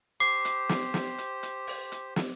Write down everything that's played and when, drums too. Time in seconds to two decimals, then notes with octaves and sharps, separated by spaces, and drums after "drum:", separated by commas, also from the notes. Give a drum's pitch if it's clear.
0.20 G4 C5 D6 C7
0.45 drum: hi-hat
0.69 drum: snare
0.94 drum: snare
1.18 drum: hi-hat
1.43 drum: hi-hat
1.67 drum: open hi-hat
1.92 drum: hi-hat
2.16 drum: snare